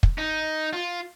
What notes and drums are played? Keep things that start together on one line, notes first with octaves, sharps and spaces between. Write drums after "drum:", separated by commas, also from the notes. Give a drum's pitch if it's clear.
drum: kick
D#4
F4